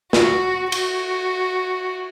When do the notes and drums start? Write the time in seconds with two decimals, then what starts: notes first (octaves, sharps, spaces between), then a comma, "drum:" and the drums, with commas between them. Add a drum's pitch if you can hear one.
0.13 F#4, drum: snare
0.72 F#4, drum: cymbal